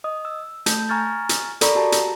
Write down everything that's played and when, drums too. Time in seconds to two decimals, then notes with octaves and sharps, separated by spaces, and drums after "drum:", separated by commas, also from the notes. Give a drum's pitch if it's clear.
0.04 D#5 D#6
0.25 E6
0.66 A3 A5 G6, drum: hi-hat
0.89 G#5 A#5 C#6 F6 G#6 A6
1.29 drum: hi-hat
1.61 A4 A#4 D5 A#5 B5 C#6, drum: hi-hat
1.75 F#4 G4 A5 A#5
1.92 drum: hi-hat